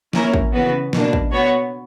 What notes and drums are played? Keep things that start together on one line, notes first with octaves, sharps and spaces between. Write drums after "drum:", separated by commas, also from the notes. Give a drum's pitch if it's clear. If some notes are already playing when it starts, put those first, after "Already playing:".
A#3 C#4 E4 A#4, drum: snare
drum: kick
C#3 E3 B3 F#4 B4
B2 A#3 D4, drum: snare
drum: kick
B3 F#4 C#5